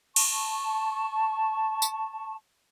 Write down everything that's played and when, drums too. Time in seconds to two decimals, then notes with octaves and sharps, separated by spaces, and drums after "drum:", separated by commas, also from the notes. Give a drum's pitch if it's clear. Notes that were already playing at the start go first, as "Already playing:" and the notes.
0.16 A5 C#6, drum: cymbal
1.82 drum: tambourine